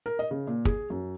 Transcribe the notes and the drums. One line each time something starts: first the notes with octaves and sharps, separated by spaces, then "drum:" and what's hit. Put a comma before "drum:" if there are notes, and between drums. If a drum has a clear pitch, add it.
A#4
D#5
C#3
A#2
G#4, drum: kick
F#2